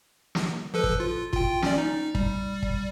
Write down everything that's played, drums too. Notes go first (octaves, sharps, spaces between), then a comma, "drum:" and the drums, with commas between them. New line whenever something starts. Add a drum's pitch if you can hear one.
drum: snare
F3 A4 B4
drum: kick
F4
F4 G5, drum: kick
C#4 D5, drum: snare
D#4
G3, drum: kick
drum: kick